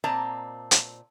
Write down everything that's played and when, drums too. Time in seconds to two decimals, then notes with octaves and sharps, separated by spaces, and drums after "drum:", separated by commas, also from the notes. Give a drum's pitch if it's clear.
0.04 A#2 C4 D5 D#5 A5 A#5
0.71 drum: hi-hat